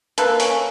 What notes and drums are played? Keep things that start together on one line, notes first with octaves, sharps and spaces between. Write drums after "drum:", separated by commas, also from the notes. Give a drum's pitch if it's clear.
A#3 A4 B4, drum: hi-hat
C#4, drum: open hi-hat